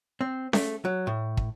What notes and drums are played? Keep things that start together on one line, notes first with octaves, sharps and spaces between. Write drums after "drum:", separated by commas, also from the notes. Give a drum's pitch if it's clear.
C4
A3, drum: snare C#4
F#3
A2
drum: kick